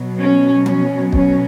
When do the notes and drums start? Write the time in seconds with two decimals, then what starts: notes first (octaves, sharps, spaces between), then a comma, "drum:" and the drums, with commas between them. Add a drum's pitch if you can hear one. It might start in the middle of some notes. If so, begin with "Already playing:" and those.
Already playing: B2 F#3
0.20 C#4
0.66 C#4, drum: tom F3
1.13 C#4, drum: kick